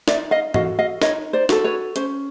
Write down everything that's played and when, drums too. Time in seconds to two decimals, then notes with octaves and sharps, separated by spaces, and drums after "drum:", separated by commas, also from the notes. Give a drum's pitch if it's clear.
0.08 D#4 D5 E5, drum: snare
0.31 D#5 F5
0.54 F#4 A4 D#5 F5, drum: tom G#2
0.79 D#5 F5
1.02 D#4 C#5 D#5, drum: snare
1.33 C5 D5
1.49 F#4 A4, drum: snare
1.64 B4 C#5
1.96 C#4 C5, drum: hi-hat